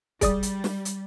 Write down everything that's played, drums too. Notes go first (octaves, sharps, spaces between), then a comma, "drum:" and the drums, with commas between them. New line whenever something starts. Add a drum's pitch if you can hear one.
G3 G#4 D5 D#6, drum: kick, hi-hat
drum: hi-hat
drum: snare
drum: hi-hat